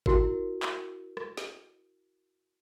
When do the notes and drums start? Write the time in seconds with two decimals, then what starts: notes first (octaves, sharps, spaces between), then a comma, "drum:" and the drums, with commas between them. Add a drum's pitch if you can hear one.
0.06 E4 F#4 A#4, drum: kick G#1
0.63 drum: clap
1.17 drum: rim click
1.37 drum: snare